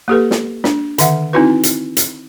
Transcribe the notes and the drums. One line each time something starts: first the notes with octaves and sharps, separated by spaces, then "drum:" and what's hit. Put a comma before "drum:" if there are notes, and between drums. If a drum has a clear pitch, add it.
A#3 G4 A4 B4
drum: snare
D4, drum: snare
D3 D#3 E5 F#5, drum: hi-hat
C4 D#4 E4 F#4 B4
drum: hi-hat
drum: hi-hat